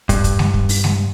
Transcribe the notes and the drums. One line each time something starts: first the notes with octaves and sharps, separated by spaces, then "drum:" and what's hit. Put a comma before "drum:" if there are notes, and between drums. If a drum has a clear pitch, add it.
G2, drum: kick, hi-hat
drum: kick, hi-hat
drum: snare G#3
drum: kick
drum: open hi-hat
drum: snare G#3